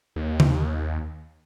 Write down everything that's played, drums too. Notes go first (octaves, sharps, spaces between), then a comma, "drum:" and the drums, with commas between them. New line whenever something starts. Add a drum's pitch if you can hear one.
D#2
drum: tom C#3